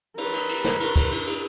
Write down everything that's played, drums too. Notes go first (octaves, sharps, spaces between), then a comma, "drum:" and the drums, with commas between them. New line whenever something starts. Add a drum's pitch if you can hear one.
A#4 B4, drum: cymbal
drum: cymbal
drum: cymbal
drum: snare
drum: cymbal
drum: kick, cymbal
drum: cymbal
drum: cymbal